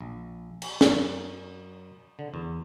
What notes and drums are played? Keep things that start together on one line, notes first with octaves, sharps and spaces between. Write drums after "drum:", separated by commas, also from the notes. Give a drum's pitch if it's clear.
A#1
drum: cymbal
F#2, drum: snare
D3
E2